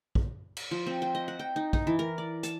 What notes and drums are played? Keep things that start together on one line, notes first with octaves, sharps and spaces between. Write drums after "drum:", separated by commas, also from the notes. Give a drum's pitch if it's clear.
drum: kick A#1
drum: cymbal
F3
C4
G5
D#5
F#5
G5
D#4
D#4, drum: kick A#1
E3
A#4
D5
A5, drum: hi-hat